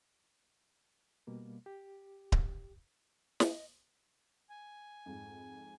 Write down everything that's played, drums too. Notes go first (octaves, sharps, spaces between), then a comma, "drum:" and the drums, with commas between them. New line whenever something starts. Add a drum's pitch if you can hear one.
B2 G3 A#3
G4
drum: kick D1
D#5, drum: snare
G#5
F2 G#2